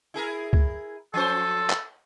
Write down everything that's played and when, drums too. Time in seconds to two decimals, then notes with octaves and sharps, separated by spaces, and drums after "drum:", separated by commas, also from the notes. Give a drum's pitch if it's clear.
0.14 E4 G#4 A#4
0.53 drum: kick
1.14 F3 C#4 A4 C5
1.70 drum: clap